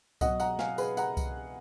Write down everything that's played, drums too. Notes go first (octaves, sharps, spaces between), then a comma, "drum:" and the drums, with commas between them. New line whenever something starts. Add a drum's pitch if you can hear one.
B2 F#3 D#5 F#5, drum: kick C2, tambourine
F#5 A#5, drum: tambourine
F5 G#5, drum: snare
G#4 B4, drum: tambourine
F#5 A#5, drum: tambourine
drum: kick C2, tambourine